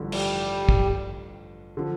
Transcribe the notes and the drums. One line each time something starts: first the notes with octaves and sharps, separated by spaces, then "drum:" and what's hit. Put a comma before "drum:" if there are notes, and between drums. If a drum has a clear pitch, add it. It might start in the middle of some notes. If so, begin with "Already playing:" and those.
Already playing: A1 G2 D3 F3
G3, drum: cymbal
drum: kick
D3 F3